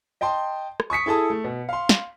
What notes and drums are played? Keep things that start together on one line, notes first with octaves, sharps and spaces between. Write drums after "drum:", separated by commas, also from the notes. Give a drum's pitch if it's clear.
D#5 G5 A5 C6
drum: rim click
C#6 D#6 B6 C#7
E4 G#4 A4 A5 D#6
A3
B2
F5 C6
drum: snare